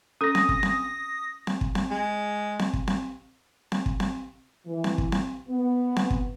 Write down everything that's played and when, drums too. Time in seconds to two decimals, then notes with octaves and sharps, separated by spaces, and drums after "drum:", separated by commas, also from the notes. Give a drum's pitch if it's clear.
0.21 C#4 A4 D#6 A#6
0.35 drum: snare C4
0.49 drum: kick
0.63 drum: snare C4
1.47 drum: snare C4
1.61 drum: kick
1.75 drum: snare C4
1.90 G#3
2.59 drum: snare C4
2.73 drum: kick
2.88 drum: snare C4
3.72 drum: snare C4
3.86 drum: kick
4.00 drum: snare C4
4.66 E3
4.84 drum: snare C4
4.98 drum: kick
5.12 drum: snare C4
5.48 B3
5.96 drum: snare C4
6.10 drum: kick